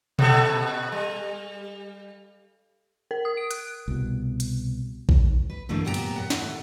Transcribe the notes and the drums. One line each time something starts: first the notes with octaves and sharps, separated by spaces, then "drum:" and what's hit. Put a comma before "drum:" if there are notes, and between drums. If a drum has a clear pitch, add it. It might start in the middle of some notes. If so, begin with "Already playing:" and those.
A#2 A4, drum: tom B2
G3
A#4
D#6
D7
F#6, drum: hi-hat
C2 B2
drum: hi-hat
drum: kick A#1
B4
G2 D3 E3 G3 A3 A#3
F#2 A#2 B3 G4 A#4 A#5
drum: cymbal
D#2 F#5
drum: snare
D#2 A2